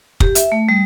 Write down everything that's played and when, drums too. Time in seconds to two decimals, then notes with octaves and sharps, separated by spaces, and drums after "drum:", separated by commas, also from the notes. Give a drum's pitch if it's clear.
0.20 G4, drum: kick
0.35 E5, drum: hi-hat
0.52 A3
0.69 G3